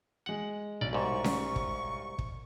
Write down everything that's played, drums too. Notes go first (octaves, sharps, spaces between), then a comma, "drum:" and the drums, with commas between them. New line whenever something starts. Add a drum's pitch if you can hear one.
G#3 F#5 F#7
B1 D5
C2 G#2 C#6
drum: snare C#4
drum: kick
drum: kick